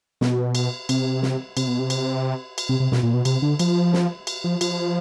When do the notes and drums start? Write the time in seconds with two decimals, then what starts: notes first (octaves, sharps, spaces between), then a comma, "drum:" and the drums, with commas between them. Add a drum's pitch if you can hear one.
0.21 B2, drum: snare
0.55 drum: cymbal
0.89 C3, drum: cymbal
1.22 drum: snare
1.57 C3, drum: cymbal
1.68 B2
1.79 C3
1.90 drum: cymbal
2.58 drum: cymbal
2.69 C3
2.80 C3
2.92 B2, drum: snare
3.03 A#2
3.14 B2
3.25 C3, drum: cymbal
3.42 D3
3.59 F3, drum: cymbal
3.93 drum: snare
4.27 drum: cymbal
4.44 F3
4.61 F3, drum: cymbal